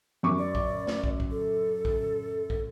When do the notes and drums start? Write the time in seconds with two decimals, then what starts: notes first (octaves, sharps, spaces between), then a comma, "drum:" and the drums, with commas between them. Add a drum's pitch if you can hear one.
0.23 F#2 C#6 D6
0.39 D5
0.55 drum: kick
0.87 drum: snare
1.04 drum: kick
1.20 drum: kick
1.32 A4
1.85 drum: kick
2.50 drum: kick